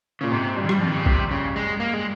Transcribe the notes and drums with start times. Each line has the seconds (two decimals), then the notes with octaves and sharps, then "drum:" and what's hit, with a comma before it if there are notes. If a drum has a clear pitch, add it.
0.21 A#2 C#3
0.32 G#2 C3
0.56 G2
0.69 G3, drum: rim click
0.78 F2 F3
0.88 D#3
0.96 C#3
1.06 C3, drum: kick A#1
1.31 C#3
1.56 G#3
1.80 A#3
1.94 G#3